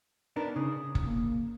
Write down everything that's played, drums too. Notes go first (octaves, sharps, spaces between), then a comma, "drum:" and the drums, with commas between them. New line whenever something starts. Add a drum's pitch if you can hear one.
B3 D4 D#4 A#4
C#3 D#6
drum: kick F#1
A#3